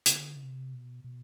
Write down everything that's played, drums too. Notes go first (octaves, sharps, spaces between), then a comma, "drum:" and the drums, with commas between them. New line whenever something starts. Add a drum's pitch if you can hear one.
C#3, drum: hi-hat
D3
C#3
C3
B2
B2